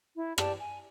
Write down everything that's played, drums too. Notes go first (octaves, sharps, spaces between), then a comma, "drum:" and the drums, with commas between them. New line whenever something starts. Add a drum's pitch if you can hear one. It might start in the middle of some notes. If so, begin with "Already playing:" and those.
E4
G4 D5 A5, drum: rim click
G#5